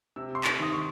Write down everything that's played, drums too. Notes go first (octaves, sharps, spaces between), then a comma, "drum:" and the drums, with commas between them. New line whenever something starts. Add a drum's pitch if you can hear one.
C3 E6
C6
C#6, drum: clap
D#3 D#6
C#6